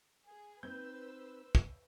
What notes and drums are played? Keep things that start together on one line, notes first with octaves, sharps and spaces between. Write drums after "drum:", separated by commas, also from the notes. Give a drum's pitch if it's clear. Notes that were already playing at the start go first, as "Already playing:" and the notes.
G#4
C4 D#4 B4 C5 E6 G6
drum: kick